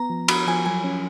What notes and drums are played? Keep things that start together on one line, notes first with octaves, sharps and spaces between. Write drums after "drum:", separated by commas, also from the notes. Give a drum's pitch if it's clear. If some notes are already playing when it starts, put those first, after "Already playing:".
Already playing: B3 A#5
F3
F#4 B5, drum: cymbal
F3 G#5
F#3 G#5
C#4